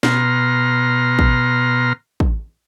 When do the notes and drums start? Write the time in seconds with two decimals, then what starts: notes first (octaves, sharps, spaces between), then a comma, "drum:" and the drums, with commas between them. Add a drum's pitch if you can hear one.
0.03 B2 A#5 C6 F6, drum: snare
1.19 drum: kick
2.20 drum: kick